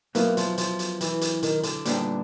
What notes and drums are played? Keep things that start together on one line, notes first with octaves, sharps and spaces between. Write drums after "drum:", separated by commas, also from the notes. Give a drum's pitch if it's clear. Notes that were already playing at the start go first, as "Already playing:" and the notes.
F#3 A#3 B3 E4, drum: hi-hat
F3, drum: hi-hat
F3, drum: hi-hat
drum: hi-hat
E3, drum: hi-hat
drum: hi-hat
D#3, drum: hi-hat
D3, drum: hi-hat
A#2 G3 B3 D4, drum: hi-hat